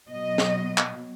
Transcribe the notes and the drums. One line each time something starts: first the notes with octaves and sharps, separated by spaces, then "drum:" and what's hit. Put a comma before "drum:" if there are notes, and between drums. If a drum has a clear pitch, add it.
B2 F#3 D#5
drum: snare
drum: clap